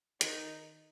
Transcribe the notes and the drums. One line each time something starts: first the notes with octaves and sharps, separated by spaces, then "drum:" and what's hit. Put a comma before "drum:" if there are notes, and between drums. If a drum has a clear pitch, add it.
D#3 D#4, drum: hi-hat